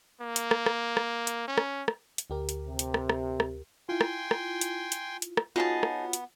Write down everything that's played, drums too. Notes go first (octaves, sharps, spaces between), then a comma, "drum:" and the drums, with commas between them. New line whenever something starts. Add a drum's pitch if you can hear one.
A#3
drum: hi-hat
drum: rim click
drum: rim click
drum: rim click
drum: hi-hat
C#4
drum: rim click
drum: rim click
drum: hi-hat
D2 G4 A#4
drum: hi-hat
C3
drum: hi-hat
drum: rim click
drum: rim click
drum: rim click
E4 F4 G5 G#5 C6
drum: rim click
drum: rim click
drum: hi-hat
drum: hi-hat
drum: hi-hat
drum: rim click
B3 D#4 F4 F#4 G#4 C#5 A5
drum: rim click
drum: hi-hat